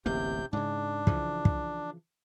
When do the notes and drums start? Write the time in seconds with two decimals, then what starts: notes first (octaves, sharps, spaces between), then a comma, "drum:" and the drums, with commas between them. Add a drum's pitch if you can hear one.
0.06 D1 A1 C3 A#3 G6
0.53 G#2 C#3 D4
1.07 C#3 E3 F3, drum: kick
1.45 drum: kick